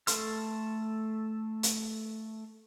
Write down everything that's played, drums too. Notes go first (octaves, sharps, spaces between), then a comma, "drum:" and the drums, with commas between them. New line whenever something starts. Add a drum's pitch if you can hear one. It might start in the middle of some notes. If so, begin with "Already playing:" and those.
A3 A4 C6 F6, drum: hi-hat
drum: hi-hat